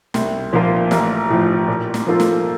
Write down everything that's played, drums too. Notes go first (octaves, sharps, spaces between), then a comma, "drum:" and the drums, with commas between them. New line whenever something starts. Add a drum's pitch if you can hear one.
C2, drum: snare
A#2 F3 A#3 F4
A1, drum: snare
A2 F3
A#2
drum: snare
F3 A#3 F4 A4
drum: snare